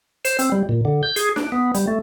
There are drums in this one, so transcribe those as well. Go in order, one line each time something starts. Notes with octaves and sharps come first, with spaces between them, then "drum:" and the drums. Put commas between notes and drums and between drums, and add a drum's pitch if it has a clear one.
C5, drum: hi-hat
C4, drum: hi-hat
G3
A#2
D3
G6
G#4, drum: hi-hat
D4, drum: snare
B3
G3, drum: hi-hat
A3